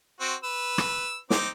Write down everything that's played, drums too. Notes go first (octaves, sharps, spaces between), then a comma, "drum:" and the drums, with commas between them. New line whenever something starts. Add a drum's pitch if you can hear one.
C4 F#4
B4 E6
drum: rim click
C4 D#4 D6, drum: snare